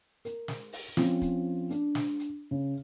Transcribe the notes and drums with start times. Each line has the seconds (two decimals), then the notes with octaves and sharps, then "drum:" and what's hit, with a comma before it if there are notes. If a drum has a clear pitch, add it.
0.25 A#4, drum: hi-hat
0.48 drum: snare
0.73 drum: open hi-hat
0.97 F3 C4 C#4, drum: snare
1.22 drum: kick, hi-hat
1.70 D4, drum: hi-hat
1.95 drum: snare
2.19 drum: hi-hat
2.51 C#3